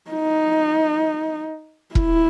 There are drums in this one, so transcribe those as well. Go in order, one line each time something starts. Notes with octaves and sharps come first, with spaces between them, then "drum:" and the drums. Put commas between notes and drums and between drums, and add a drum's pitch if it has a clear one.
D#4
E4, drum: kick E1